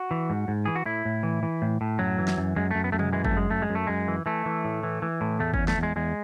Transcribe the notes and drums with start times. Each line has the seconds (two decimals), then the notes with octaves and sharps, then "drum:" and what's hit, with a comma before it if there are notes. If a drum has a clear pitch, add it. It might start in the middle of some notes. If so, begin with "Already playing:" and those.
Already playing: F#4
0.11 E3
0.30 G#2
0.48 G#2
0.65 E3 G#4
0.76 F#4
0.86 A2 E4
1.05 A2
1.23 E3
1.43 E3
1.62 A2
1.81 A2
1.99 F#2 F#3
2.18 E3
2.28 drum: snare
2.38 F#2
2.56 F#2 G#3
2.71 F#2 A3
2.84 B3
2.92 F#2 A3
2.99 G#3, drum: tom
3.13 E3 G#3
3.25 A3, drum: kick G1
3.31 F#2
3.37 G#3
3.50 F#2 A3
3.62 G#3
3.70 F#2
3.75 A3
3.87 F#2 G#3
4.08 E3
4.26 E3 A3
4.46 E3
4.65 A2
4.83 E3
5.02 E3
5.21 A2
5.40 E2 A3
5.54 E2 C#4, drum: kick G1
5.68 A3, drum: snare
5.78 E2
5.83 G#3
5.96 E2 G#3